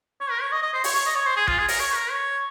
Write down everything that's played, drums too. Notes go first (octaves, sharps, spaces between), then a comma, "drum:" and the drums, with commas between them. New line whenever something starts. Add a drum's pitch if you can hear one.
C#5
A#4
C#5
D#5
D#5
C5
C#5, drum: open hi-hat
C#5
D#5
C#5
C5
G#4
F4, drum: kick A1
G#4
A#4, drum: open hi-hat
C#5
A#4
C#5